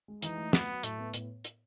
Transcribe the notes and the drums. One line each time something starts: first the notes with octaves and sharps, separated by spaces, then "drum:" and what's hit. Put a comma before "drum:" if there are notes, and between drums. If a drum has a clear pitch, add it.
G#3
E3 D#4, drum: hi-hat
A3
F#3 B3, drum: snare
F#3
A2 A3, drum: hi-hat
B3
A2, drum: hi-hat
drum: hi-hat